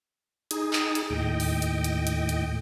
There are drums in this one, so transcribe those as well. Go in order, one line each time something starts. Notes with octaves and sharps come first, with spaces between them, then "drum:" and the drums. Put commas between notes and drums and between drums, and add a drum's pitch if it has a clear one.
D#4 G#4, drum: hi-hat
drum: clap
drum: hi-hat
D#2 A2 D#5 G5
drum: open hi-hat
drum: hi-hat
drum: hi-hat
drum: hi-hat
drum: hi-hat